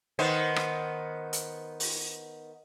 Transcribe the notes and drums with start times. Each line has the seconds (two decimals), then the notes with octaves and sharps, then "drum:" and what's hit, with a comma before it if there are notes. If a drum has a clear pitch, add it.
0.19 D#3 B3 C5
0.56 drum: rim click
1.33 drum: hi-hat
1.80 drum: open hi-hat